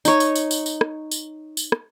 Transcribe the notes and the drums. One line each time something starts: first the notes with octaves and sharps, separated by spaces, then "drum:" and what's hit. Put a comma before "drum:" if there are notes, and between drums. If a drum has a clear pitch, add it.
D#4 C#5, drum: tambourine
drum: tambourine
drum: tambourine
drum: tambourine
drum: tambourine
drum: rim click
drum: tambourine
drum: tambourine
drum: rim click